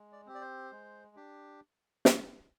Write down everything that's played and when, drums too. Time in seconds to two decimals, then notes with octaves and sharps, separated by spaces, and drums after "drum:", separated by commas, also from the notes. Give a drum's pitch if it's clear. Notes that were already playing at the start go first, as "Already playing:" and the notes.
Already playing: G#3
0.12 D5
0.26 C4 G4
0.35 D5
0.41 C5
0.71 G#3
1.16 D4 G4
2.05 drum: snare